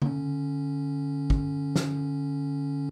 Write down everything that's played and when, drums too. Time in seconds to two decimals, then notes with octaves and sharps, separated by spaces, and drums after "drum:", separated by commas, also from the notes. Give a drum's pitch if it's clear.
0.02 D3 C#4, drum: tom C#3
1.30 drum: kick
1.76 drum: snare